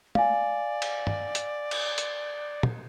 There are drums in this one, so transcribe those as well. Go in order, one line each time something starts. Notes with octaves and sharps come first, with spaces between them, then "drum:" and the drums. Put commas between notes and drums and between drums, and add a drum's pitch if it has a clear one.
D5 F5 G#5, drum: tom
drum: cymbal
drum: tom
drum: hi-hat
drum: cymbal
drum: hi-hat
drum: tom